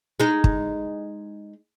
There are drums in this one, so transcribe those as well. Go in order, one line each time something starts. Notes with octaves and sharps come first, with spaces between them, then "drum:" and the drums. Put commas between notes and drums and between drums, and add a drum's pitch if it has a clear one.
G#3 D#4
drum: kick